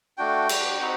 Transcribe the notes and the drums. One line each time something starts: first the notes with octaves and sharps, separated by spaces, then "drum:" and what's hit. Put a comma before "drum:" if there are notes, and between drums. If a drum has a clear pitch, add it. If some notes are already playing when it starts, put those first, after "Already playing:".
A3 D4 F#4 G5
G3 D4 F#4, drum: cymbal
C4 D#4 F#4 F#5